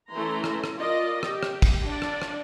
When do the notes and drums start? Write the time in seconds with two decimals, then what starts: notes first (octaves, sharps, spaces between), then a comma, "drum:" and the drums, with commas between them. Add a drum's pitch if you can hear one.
0.11 E3 A3 C#4 E4 A#5 C6
0.44 drum: rim click
0.64 drum: rim click
0.78 F4 A#4 D5 D#5
1.23 G4, drum: rim click
1.43 drum: rim click
1.62 drum: kick, cymbal
1.84 D4 D5
2.02 drum: rim click
2.22 drum: rim click